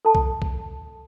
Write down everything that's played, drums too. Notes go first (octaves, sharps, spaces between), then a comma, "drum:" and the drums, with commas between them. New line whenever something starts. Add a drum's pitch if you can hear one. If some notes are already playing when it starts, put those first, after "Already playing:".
A4 A5
drum: kick C2
drum: kick C2